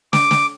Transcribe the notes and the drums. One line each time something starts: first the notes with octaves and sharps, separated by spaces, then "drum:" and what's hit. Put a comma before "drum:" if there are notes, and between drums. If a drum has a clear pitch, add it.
D6, drum: snare
drum: snare